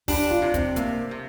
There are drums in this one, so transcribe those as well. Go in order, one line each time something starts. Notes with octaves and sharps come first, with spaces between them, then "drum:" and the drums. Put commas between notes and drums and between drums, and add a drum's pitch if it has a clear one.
D4 G4, drum: kick, open hi-hat
F4
C3
C4, drum: kick, hi-hat
C3 A#3, drum: hi-hat
C3